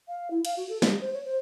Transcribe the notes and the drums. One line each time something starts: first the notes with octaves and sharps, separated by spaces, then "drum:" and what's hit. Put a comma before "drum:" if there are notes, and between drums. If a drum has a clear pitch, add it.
F5
E4
F5, drum: cymbal
F#4
A4
G4, drum: snare
C5
C#5
C5